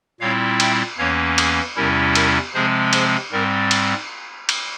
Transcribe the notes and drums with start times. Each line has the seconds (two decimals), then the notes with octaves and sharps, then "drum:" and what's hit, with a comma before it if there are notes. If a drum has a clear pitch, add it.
0.20 A#2 G3 C4 E4 C#5 F5
0.60 E5 G5, drum: cymbal
0.98 E2 E3 A#3 C#4 C#5 F5
1.38 G#4, drum: cymbal
1.76 E2 C3 G3 C#4 E4 A#4
2.15 A#4, drum: cymbal
2.54 C3 F3 G#3 C4 G#4 C5
2.93 G#4 C5, drum: cymbal
3.32 G#2 G3 C4 A#4
3.71 drum: cymbal
4.49 drum: cymbal